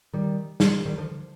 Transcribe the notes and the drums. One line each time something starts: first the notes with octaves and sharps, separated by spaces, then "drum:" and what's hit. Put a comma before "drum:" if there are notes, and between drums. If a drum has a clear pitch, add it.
D#3 G3
drum: snare
D#3 G3
D3 F3